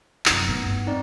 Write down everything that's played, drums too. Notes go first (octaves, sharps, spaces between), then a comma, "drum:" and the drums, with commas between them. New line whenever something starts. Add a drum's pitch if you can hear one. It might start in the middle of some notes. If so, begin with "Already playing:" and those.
F1 F#2 D#4 G#6, drum: clap
A2 B3
G2
C4 D#4 D5